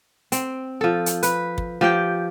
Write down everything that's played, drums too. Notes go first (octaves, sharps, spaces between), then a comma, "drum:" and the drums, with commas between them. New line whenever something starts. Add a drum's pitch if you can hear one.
C4, drum: hi-hat
F3 A4
drum: hi-hat
B4, drum: hi-hat
drum: kick
F3 G4 G5